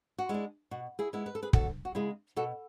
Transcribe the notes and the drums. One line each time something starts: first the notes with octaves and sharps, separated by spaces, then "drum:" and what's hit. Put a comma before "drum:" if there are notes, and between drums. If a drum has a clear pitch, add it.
F#4
G#3 D4 E4
B2 F#4
E4 G#4
G#3 B3 E4
B4
A4
G#4 B4
D2 F#4 A4, drum: kick
F#4
C#3 G#3 E4 G#4
B2 F#4 A4